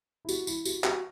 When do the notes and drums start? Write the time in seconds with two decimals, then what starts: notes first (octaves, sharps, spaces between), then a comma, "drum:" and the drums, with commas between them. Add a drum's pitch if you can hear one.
0.25 E4
0.29 F#4, drum: tambourine
0.47 E4, drum: tambourine
0.65 F#4, drum: tambourine
0.84 F#4, drum: clap